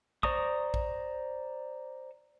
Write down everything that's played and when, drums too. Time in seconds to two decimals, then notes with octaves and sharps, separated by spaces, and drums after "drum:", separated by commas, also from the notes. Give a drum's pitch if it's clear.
0.23 C5 D5 A#5 C#6 D#6, drum: kick A#1
0.74 drum: kick A#1